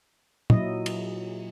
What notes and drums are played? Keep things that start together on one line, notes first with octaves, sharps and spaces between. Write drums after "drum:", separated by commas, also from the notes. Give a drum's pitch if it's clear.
A#2 F#3 E4 D#5, drum: tom
drum: cymbal